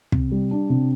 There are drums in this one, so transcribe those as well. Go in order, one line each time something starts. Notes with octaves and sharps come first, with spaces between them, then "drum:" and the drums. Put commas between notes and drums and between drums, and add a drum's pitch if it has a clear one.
C3, drum: kick
G3
D4
C3